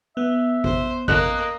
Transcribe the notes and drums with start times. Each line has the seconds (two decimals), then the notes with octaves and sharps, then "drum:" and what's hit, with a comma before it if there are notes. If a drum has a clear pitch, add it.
0.17 B3 E5
0.64 C5, drum: kick
1.08 A#3 D#5 F#6, drum: kick